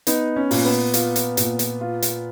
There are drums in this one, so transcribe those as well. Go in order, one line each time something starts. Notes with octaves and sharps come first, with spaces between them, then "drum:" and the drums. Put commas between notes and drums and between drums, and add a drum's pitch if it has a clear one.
B3 D#4, drum: hi-hat
C#4
A#2, drum: open hi-hat
B3
F4, drum: hi-hat
drum: hi-hat
A#2, drum: hi-hat
drum: hi-hat
F4
drum: hi-hat